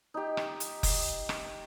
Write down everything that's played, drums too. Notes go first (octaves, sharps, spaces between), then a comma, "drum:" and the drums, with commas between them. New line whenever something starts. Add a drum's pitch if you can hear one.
D#4 G4
drum: rim click
drum: hi-hat
drum: kick F1, open hi-hat
drum: rim click